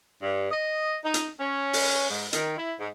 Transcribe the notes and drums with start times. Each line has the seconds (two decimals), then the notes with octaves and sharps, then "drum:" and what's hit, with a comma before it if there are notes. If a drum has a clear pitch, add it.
0.22 G2
0.51 D#5
1.04 D#4
1.14 drum: hi-hat
1.40 C#4
1.73 drum: open hi-hat
2.10 G#2
2.33 D#3, drum: hi-hat
2.58 E4
2.80 G#2